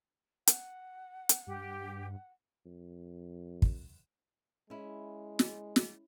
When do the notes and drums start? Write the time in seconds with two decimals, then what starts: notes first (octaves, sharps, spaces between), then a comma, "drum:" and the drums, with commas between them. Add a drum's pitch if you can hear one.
0.47 F#5, drum: hi-hat
1.29 drum: hi-hat
1.47 G2 G4
2.66 F2
3.62 drum: kick
4.70 G#3 C#4 E4
5.39 drum: snare
5.76 drum: snare